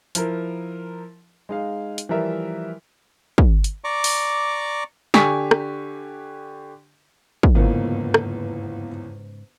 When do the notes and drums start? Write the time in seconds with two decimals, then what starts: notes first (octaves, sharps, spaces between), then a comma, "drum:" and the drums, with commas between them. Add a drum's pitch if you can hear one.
0.15 F3 E4 A#4, drum: hi-hat
1.49 G#3 D#4 F5
1.98 drum: hi-hat
2.09 E3 F3 G3 A#4 E5
3.38 drum: kick
3.64 drum: hi-hat
3.84 D5 A#5 C#6 D6
4.04 drum: open hi-hat
5.14 D3 G4 G#5 C#6 B6, drum: snare
5.51 drum: rim click
7.43 drum: kick
7.55 G1 E2 G#2 C#3 F3 A#3 B3
8.14 drum: rim click